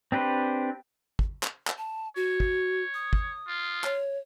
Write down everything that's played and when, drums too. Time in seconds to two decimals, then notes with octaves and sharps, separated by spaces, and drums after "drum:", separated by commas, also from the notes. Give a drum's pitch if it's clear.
0.12 C4 D4 G4 B4 C5
1.19 drum: kick
1.43 drum: clap
1.67 drum: clap
1.78 A5
2.16 F#4 C#5
2.40 drum: kick
2.94 D#6
3.13 drum: kick
3.47 F4
3.84 C#5, drum: clap